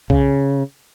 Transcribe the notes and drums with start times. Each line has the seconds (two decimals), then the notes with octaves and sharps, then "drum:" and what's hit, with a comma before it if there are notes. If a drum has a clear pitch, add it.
0.10 C#3, drum: kick B1